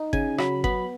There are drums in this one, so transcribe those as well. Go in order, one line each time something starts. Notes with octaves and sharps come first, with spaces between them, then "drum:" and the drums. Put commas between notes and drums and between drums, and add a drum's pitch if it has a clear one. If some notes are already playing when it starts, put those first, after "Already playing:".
Already playing: D#4
C#3 G#5, drum: kick G1
F#3 B5, drum: rim click
B3 B5, drum: kick G1